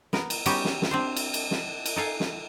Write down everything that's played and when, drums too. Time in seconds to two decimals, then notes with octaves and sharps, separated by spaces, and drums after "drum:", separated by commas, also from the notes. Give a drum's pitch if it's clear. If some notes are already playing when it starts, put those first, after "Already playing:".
0.13 B3 A#4, drum: snare
0.30 drum: cymbal
0.46 G3 B3 C#4 D#4 F#4 G4, drum: cymbal
0.65 drum: snare
0.82 drum: snare
0.91 C4 D4 C5
1.16 drum: cymbal
1.34 drum: cymbal
1.51 drum: snare
1.86 drum: cymbal
1.96 D#4 A4 F5 G#5
2.20 drum: snare